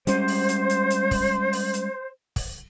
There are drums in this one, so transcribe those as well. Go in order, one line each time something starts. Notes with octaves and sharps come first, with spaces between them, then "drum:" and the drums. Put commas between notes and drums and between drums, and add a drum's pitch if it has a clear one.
G3 G#3 C#4 C5, drum: hi-hat
drum: open hi-hat
drum: hi-hat
drum: hi-hat
drum: hi-hat
drum: kick, open hi-hat
drum: open hi-hat
drum: hi-hat
drum: kick, open hi-hat